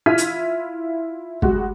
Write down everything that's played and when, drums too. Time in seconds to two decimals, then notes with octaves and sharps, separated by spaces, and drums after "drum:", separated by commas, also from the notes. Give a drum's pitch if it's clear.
0.06 E4 F4 F6 G#6 B6 D#7
0.18 drum: hi-hat
1.42 G3 G#3 F#4, drum: kick